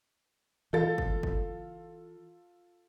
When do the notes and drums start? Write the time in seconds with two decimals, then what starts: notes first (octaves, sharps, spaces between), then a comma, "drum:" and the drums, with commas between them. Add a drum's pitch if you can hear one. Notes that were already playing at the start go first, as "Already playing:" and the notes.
0.73 E3 F4 A4 A6
0.98 drum: kick
1.23 drum: kick